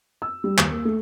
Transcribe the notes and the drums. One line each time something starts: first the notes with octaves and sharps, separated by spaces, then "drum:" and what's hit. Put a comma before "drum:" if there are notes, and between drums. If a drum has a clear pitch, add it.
E6
G3
D#2, drum: clap
A#3
A3